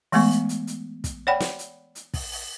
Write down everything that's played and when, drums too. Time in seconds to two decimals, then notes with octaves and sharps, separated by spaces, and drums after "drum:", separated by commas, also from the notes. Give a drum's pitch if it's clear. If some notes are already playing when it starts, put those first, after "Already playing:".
0.12 E3 G#3 A3 B3 C#6, drum: open hi-hat
0.31 drum: hi-hat
0.49 drum: hi-hat
0.67 drum: hi-hat
1.04 drum: kick, hi-hat
1.27 C#5 D5 F#5 G5 B5
1.40 drum: snare
1.59 drum: hi-hat
1.95 drum: hi-hat
2.14 drum: kick, open hi-hat
2.32 drum: open hi-hat